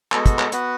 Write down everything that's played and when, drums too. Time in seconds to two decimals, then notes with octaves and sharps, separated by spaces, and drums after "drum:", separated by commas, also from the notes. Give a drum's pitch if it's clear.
0.12 G#3 B3 F#4 A4, drum: clap
0.26 drum: kick, hi-hat
0.39 drum: clap
0.52 B3 F#4 B4 F#5, drum: hi-hat